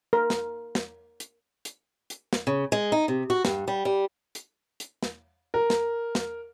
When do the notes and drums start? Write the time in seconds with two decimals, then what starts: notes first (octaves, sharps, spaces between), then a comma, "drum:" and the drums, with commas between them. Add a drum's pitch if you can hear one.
0.13 A#4
0.30 drum: snare
0.75 drum: snare
1.20 drum: hi-hat
1.65 drum: hi-hat
2.10 drum: hi-hat
2.33 drum: snare
2.47 C#3
2.72 G#3
2.92 D#4
3.08 C3
3.30 F#4
3.45 G2, drum: snare
3.68 G3
3.85 G3
4.35 drum: hi-hat
4.80 drum: hi-hat
5.03 drum: snare
5.54 A#4
5.70 drum: snare
6.15 drum: snare